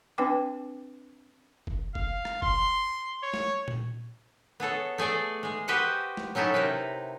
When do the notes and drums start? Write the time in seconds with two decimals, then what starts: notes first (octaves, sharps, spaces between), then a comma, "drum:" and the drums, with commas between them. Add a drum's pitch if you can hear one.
0.18 C4 D4 B4 G5 D6
1.67 drum: kick F#1
1.95 F5, drum: kick F#1
2.25 drum: rim click
2.42 C6, drum: kick F#1
3.23 C#5
3.34 drum: snare
3.68 drum: tom A#2
4.60 B3 G#4 A4 C#5
4.98 A3 G#4 A4 D5
5.43 G#3 G#4
5.68 F#4 G4 B4 C5 D#5 F#5
6.17 drum: snare
6.35 F#3 C#4 D#4 E4 A4
6.54 C3 A#4 B4